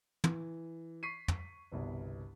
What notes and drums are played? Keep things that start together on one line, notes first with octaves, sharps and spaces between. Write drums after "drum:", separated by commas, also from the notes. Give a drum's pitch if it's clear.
E3, drum: tom
C#6 B6 C7 D#7
drum: tom
G1 C2 B2